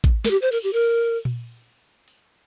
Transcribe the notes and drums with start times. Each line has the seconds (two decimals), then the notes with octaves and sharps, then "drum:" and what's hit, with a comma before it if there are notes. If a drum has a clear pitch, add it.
0.04 drum: kick
0.25 A#4, drum: snare
0.31 G4
0.42 C5
0.52 A#4, drum: cymbal
0.64 G4
0.73 A#4
1.25 drum: tom A#2
2.08 drum: open hi-hat